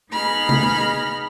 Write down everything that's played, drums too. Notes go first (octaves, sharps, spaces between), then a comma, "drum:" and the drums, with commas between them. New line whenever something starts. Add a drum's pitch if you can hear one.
B3 D#4 G#4 B5 F6 A#6
drum: tom C3